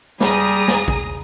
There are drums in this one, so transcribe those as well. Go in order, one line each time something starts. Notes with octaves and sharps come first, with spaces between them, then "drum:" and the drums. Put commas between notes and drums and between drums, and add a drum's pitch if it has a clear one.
G3 G#4 A#5 D#6, drum: snare
drum: snare
drum: kick